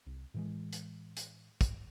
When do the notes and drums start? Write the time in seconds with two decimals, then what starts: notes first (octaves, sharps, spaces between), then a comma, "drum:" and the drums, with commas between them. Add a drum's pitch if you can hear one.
0.06 C2
0.34 A2 E3 G#3
0.73 drum: hi-hat
1.17 drum: hi-hat
1.61 drum: kick, hi-hat